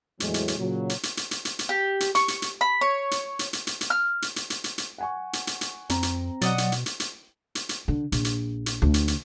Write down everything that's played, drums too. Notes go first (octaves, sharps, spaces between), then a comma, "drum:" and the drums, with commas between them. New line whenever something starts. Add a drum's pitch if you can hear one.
E2 A2 F#3 G#3, drum: hi-hat
drum: hi-hat
drum: hi-hat
A#2 C#3 F#3
drum: hi-hat
drum: hi-hat
drum: hi-hat
drum: hi-hat
drum: hi-hat
drum: hi-hat
G4
drum: hi-hat
C#6, drum: hi-hat
drum: hi-hat
drum: hi-hat
B5
C#5
drum: hi-hat
drum: hi-hat
drum: hi-hat
drum: hi-hat
drum: hi-hat
F6
drum: hi-hat
drum: hi-hat
drum: hi-hat
drum: hi-hat
drum: hi-hat
F#5 G#5 C#6
drum: hi-hat
drum: hi-hat
drum: hi-hat
F2 C4 A#5, drum: hi-hat
drum: hi-hat
B2 F#3 D5 D#5 F#5, drum: hi-hat
drum: hi-hat
drum: hi-hat
drum: hi-hat
drum: hi-hat
drum: hi-hat
drum: hi-hat
D3
A#1, drum: hi-hat
drum: hi-hat
drum: hi-hat
D2
drum: hi-hat
drum: hi-hat